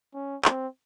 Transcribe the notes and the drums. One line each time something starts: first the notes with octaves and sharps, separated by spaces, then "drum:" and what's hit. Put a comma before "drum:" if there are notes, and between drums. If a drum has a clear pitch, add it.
C#4
C4, drum: clap